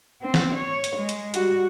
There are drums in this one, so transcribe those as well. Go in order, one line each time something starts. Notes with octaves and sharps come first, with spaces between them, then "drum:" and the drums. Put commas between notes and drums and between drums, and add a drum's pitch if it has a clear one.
C4
drum: snare
C#5
drum: hi-hat
G#3
drum: hi-hat
G3 F#4, drum: hi-hat